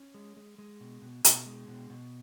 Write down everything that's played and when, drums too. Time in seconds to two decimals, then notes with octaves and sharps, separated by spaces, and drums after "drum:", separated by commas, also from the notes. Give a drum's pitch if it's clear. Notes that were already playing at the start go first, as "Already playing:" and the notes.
Already playing: C#4
0.14 G#3
0.37 G#3
0.58 G#3
0.80 B2
1.02 B2
1.24 B2, drum: hi-hat
1.46 G#3
1.68 B2
1.90 B2